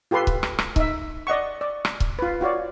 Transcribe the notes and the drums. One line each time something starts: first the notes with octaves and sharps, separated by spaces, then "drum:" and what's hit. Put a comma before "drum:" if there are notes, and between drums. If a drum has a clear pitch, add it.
F4 G4 A4 B4 C6
drum: kick C#1
drum: rim click
drum: rim click
D#4 E5, drum: kick C#1
D5 D#5 F#5 C#6
D5
drum: rim click
drum: kick C#1
F4 B4
F4 F#4 C#5 D5